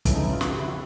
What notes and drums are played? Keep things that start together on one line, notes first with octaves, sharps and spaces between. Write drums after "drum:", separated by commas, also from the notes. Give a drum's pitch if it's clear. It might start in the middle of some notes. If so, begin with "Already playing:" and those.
F2 C#3 E3 A4, drum: kick, hi-hat
D#4
E4
F4
F#4, drum: snare
G4
E4
F#4